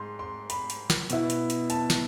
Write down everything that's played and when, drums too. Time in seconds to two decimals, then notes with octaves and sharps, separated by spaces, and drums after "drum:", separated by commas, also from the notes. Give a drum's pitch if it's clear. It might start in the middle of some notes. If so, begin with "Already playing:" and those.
Already playing: G#2 C6
0.19 C6
0.50 B5, drum: hi-hat
0.70 drum: hi-hat
0.90 drum: snare
1.10 B2 B3 E4, drum: hi-hat
1.30 drum: hi-hat
1.50 drum: hi-hat
1.70 A5, drum: hi-hat
1.90 drum: snare